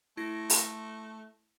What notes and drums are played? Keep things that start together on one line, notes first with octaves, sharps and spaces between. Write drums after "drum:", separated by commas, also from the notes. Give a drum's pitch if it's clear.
A3 E4 A#6
drum: open hi-hat